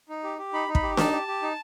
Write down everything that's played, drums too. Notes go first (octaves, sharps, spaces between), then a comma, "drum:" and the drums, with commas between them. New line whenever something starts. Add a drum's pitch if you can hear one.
D#4
G4
G4
D#4 B5
D#4
B5, drum: kick
G4
D#4 A5, drum: snare D4
G4
G4
D#4